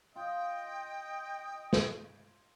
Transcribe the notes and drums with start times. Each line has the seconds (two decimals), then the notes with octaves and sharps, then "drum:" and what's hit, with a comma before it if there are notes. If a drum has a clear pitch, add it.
0.16 F4 D#5 G5
1.73 drum: snare